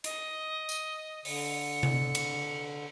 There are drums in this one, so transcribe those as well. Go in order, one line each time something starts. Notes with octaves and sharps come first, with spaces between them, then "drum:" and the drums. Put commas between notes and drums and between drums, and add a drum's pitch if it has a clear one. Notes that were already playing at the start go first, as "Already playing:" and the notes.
D#5, drum: hi-hat
drum: tambourine
D3 C#7, drum: open hi-hat
drum: tom C3
drum: cymbal